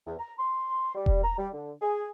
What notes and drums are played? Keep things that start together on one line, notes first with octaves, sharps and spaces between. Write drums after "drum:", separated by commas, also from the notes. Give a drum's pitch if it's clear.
E2
A#5
C6
G3
drum: kick E1
A#5
G3
D3
G#4